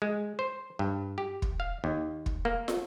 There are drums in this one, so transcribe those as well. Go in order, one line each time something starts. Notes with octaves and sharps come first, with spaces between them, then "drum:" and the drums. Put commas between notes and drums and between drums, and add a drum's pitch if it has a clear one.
G#3
C5
G2
G4
drum: kick
F5
D#2
drum: kick
A#3
drum: snare